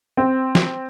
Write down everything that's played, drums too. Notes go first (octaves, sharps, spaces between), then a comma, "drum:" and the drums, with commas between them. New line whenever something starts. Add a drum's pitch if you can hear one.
C4
drum: snare